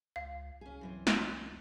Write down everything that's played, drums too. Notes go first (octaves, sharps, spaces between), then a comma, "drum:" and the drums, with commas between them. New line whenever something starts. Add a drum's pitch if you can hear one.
C#2 F5
C2 C#4 G#4
F#2 E3 C4
drum: snare